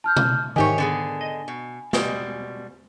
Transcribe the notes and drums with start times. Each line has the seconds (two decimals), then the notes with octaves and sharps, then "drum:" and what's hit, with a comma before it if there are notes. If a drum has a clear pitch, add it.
0.04 A5 F6 G6
0.17 drum: tom B2
0.56 G#2 D#3 E3 G4 C#5 G#5
0.78 D3 B3 G#4
1.21 D#5
1.48 B2
1.93 B2 G3 G#3, drum: snare